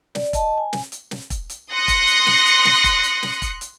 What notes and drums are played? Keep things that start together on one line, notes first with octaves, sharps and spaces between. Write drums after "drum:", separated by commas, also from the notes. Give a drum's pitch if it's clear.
D5, drum: snare
D#5 A5, drum: kick E1, hi-hat
G#5
drum: snare
drum: hi-hat
drum: snare
drum: kick E1, hi-hat
drum: hi-hat
C6 D#6 F#6 A#6 C#7
drum: kick E1, hi-hat
drum: hi-hat
drum: snare
drum: hi-hat
drum: snare
drum: kick E1, hi-hat
drum: hi-hat
drum: snare
drum: kick E1, hi-hat
drum: hi-hat